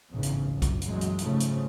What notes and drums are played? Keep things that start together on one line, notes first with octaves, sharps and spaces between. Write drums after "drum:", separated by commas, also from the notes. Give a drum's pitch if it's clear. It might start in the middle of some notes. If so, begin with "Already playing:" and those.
G#1 E2 A2 C#3
drum: hi-hat
C#2 F#2
drum: kick B1, hi-hat
F#2 A#2 E3 F#3 G#3, drum: hi-hat
drum: hi-hat
G#2 C#3 F3 A3, drum: hi-hat
drum: hi-hat